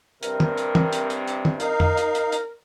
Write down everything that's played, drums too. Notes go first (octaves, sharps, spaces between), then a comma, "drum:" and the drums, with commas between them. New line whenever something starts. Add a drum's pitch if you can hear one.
G2 C3 A#4, drum: hi-hat
drum: tom
drum: hi-hat
drum: tom
drum: hi-hat
drum: hi-hat
drum: hi-hat
drum: tom
D#4 A#4 F5, drum: hi-hat
drum: tom F2
drum: hi-hat
drum: hi-hat
drum: hi-hat